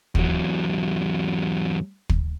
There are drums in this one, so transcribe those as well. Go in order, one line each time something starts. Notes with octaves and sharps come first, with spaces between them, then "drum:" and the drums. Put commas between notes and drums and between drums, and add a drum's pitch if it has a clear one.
E2 F#3, drum: kick
drum: kick